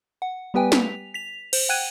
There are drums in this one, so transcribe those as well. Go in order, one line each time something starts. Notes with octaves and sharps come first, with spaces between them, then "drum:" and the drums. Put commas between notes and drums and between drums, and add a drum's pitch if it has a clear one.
F#5
G3 B3 G4 B4 G5 G#5
B6 F7, drum: snare
B6 F7
C5, drum: cymbal
F#5 G5 F#6 G#6 D#7